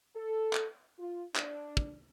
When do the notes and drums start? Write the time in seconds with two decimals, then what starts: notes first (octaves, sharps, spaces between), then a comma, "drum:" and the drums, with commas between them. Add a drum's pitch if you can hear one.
0.15 A4
0.53 drum: clap
0.98 F4
1.36 D4, drum: clap
1.77 drum: kick